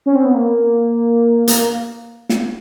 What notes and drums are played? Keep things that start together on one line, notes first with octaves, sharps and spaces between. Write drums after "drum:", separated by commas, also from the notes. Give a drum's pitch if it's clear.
C#4
C4
B3
A#3
A#3, drum: hi-hat
drum: snare